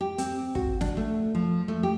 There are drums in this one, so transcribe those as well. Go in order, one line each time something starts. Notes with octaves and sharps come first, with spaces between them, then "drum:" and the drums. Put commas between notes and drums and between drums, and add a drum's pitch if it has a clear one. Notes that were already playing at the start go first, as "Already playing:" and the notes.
G4
C4, drum: hi-hat
F#4, drum: kick
D4, drum: snare
A3
F3
A3
G4